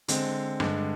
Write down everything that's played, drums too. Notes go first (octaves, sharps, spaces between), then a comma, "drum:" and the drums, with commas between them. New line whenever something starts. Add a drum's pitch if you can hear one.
D3 G#3 C4, drum: hi-hat
G2 D3 G#3, drum: rim click